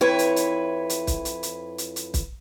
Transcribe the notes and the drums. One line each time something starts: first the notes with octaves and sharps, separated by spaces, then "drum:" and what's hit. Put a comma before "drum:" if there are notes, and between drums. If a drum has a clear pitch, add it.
F2 E4 B4 C#5
drum: hi-hat
drum: hi-hat
drum: hi-hat
drum: kick, hi-hat
drum: hi-hat
drum: hi-hat
drum: hi-hat
drum: hi-hat
drum: kick, hi-hat